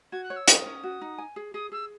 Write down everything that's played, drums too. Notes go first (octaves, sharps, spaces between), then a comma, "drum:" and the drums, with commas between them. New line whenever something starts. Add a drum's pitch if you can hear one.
F#4 G#6
F#6
C#5
E6
C#4 D#6, drum: hi-hat
C#4
F#4
D#4
G#5
G#4
G#4 D#6
G#4 E6